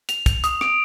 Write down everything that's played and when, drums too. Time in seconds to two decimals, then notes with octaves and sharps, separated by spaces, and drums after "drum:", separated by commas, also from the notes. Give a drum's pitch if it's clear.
0.09 F7, drum: hi-hat
0.26 F7, drum: kick, hi-hat
0.44 D#6, drum: hi-hat
0.61 D7, drum: rim click